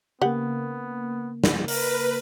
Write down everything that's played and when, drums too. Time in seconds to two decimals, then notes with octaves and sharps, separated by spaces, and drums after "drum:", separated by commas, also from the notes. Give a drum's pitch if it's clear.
0.22 C#3 A#3 B3 G4 F#5
1.44 drum: snare
1.68 A#4 B4, drum: open hi-hat